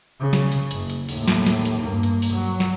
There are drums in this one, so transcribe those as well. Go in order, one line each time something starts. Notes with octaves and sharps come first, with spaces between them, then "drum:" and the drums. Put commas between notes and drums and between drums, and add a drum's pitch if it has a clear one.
C#3
drum: snare
drum: hi-hat
F#1, drum: hi-hat
drum: hi-hat
D#2 A2, drum: open hi-hat
drum: snare
drum: snare
drum: hi-hat
G2 A#3
drum: hi-hat
drum: open hi-hat
F#3
drum: snare